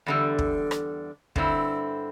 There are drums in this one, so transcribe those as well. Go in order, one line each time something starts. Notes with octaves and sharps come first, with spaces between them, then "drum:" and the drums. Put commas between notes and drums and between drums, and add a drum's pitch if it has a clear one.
E2 D3 G3
drum: kick
drum: rim click
G2 D3 C4 E4, drum: kick